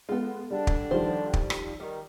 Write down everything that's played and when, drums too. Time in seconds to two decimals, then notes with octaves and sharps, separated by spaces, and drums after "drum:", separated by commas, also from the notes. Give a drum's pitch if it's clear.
0.09 G#3 B3 F4 A4
0.51 D3 G3 D4
0.67 drum: kick
0.91 D#3 F3 G3 C5
1.33 drum: kick
1.50 drum: rim click
1.80 D#3 G3